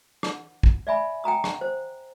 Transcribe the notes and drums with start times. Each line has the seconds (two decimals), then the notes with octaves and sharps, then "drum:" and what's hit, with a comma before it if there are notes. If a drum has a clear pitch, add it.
0.23 drum: rim click
0.63 drum: kick
0.87 D5 E5 G#5 B5
1.24 G5 G#5 A#5 D#6
1.44 drum: rim click
1.61 C5